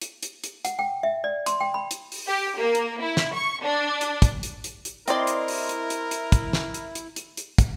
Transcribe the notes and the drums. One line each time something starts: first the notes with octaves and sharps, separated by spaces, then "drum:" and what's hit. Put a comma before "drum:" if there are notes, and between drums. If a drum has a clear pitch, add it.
drum: hi-hat
drum: hi-hat
drum: hi-hat
F#5, drum: hi-hat
G5
E5
D5
C6, drum: hi-hat
G5
B5
drum: hi-hat
drum: open hi-hat
G4
A#3
drum: hi-hat
E4
drum: snare
C#6
D4
drum: hi-hat
drum: kick, hi-hat
drum: hi-hat
drum: hi-hat
drum: hi-hat
C4 E4 A#4 D5 D#5 C6, drum: hi-hat
drum: hi-hat
drum: open hi-hat
drum: hi-hat
drum: hi-hat
drum: hi-hat
drum: kick, hi-hat
drum: snare
drum: hi-hat
drum: hi-hat
drum: hi-hat
drum: hi-hat
drum: kick, hi-hat